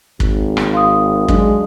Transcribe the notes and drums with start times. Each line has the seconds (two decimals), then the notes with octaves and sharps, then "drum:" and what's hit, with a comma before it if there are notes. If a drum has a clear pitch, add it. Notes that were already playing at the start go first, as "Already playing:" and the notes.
0.20 G#1, drum: kick
0.57 drum: rim click
0.73 F5 C6 D#6
1.28 F#3 G#3 D4, drum: kick